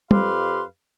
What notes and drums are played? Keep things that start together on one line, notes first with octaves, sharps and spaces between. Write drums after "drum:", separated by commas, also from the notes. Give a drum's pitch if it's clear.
F2 G4 B4 F5 C6, drum: tom